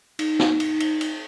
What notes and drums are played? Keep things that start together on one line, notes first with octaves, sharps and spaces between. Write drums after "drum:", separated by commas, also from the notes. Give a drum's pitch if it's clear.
D#4, drum: cymbal
drum: snare
drum: cymbal
drum: cymbal
drum: cymbal